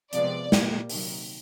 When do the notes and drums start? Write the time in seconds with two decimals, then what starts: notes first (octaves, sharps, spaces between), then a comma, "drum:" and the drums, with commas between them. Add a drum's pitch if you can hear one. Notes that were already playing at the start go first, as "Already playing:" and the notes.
0.13 C3 F3 G#3 B3 D5, drum: hi-hat
0.52 A#2 G3 A#3, drum: snare
0.89 C3 D#3 F#3 A#3, drum: open hi-hat